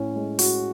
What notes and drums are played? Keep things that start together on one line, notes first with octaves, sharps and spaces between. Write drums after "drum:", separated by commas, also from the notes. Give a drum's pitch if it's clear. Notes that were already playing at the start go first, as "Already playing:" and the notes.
Already playing: A2 C#4
G#3
F#4, drum: open hi-hat